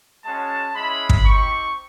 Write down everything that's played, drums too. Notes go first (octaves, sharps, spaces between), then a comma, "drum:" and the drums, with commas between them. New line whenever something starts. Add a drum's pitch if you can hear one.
G#3 C#4 F#4 A5
G#3 C#4 E4 B5
drum: kick
C4 D#4 G4 C#6